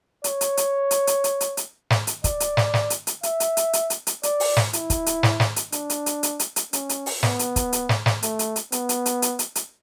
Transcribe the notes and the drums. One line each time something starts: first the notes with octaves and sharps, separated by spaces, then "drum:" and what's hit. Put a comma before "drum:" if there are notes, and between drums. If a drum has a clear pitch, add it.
C#5, drum: hi-hat
drum: hi-hat
drum: hi-hat
drum: hi-hat
drum: hi-hat
drum: hi-hat
drum: hi-hat
drum: hi-hat
drum: snare
drum: hi-hat
D5, drum: kick, hi-hat
drum: hi-hat
drum: snare
drum: snare
drum: hi-hat
drum: hi-hat
E5, drum: hi-hat
drum: hi-hat
drum: hi-hat
drum: hi-hat
drum: hi-hat
drum: hi-hat
D5, drum: hi-hat
drum: open hi-hat
drum: snare
E4, drum: hi-hat
drum: kick, hi-hat
drum: hi-hat
drum: snare
drum: snare
drum: hi-hat
D4, drum: hi-hat
drum: hi-hat
drum: hi-hat
drum: hi-hat
drum: hi-hat
drum: hi-hat
C#4, drum: hi-hat
drum: hi-hat
drum: open hi-hat
B3, drum: snare
drum: hi-hat
drum: kick, hi-hat
drum: hi-hat
drum: snare
drum: snare
A3, drum: hi-hat
drum: hi-hat
drum: hi-hat
B3, drum: hi-hat
drum: hi-hat
drum: hi-hat
drum: hi-hat
drum: hi-hat
drum: hi-hat